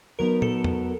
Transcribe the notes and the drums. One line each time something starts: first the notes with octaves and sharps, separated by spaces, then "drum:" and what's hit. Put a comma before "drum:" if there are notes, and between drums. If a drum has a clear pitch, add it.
F#3 B3 D#4 A#4
A4, drum: tom
drum: tom E2